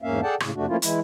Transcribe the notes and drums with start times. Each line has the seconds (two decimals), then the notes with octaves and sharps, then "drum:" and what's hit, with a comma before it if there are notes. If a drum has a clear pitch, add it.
0.02 E2 G#2 A#3 C#4 E5 F5
0.23 G#4 A4 D5 F#5 G5 A5
0.40 A2 C#3, drum: rim click
0.54 F2 C3 A3 D4 F#4
0.67 F3 A3 A#3 C#4 E4 F4
0.82 E3 G#3 E4, drum: hi-hat